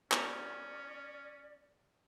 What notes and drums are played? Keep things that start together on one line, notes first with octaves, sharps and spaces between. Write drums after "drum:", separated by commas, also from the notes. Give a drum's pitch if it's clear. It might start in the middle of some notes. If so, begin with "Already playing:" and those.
B3 C#4 D5 A#5, drum: clap